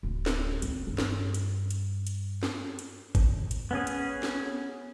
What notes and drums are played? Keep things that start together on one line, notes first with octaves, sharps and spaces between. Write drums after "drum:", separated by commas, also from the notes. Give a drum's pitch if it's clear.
D1
drum: snare
C4, drum: hi-hat
G2
drum: snare
drum: hi-hat
drum: hi-hat
drum: hi-hat
drum: snare
drum: hi-hat
drum: kick, hi-hat
drum: hi-hat
B3 C#4 G#4
drum: hi-hat
drum: snare